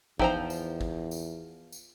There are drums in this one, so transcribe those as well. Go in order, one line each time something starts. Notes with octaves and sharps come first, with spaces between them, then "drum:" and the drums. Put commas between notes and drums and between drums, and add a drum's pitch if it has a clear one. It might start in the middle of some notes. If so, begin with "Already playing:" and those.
E2 F3 D#4 C5 E5 G5 A#5, drum: kick
drum: tambourine
drum: kick
drum: tambourine
drum: tambourine